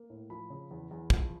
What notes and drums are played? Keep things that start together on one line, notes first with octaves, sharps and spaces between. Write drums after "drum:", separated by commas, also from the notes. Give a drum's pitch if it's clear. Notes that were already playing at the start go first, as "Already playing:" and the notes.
Already playing: A#3
A2
F3 B5
C#3
E2
E2
F3, drum: kick